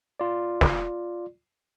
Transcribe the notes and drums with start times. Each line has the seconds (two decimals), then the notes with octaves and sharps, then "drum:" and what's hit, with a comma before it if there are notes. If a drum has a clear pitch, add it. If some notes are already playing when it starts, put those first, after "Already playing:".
0.20 F4 D5
0.61 drum: snare